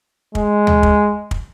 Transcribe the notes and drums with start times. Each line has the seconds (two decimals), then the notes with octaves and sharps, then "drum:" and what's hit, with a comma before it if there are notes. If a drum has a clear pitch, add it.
0.35 G#3, drum: kick
0.67 drum: tom D2
0.83 drum: kick
1.31 drum: kick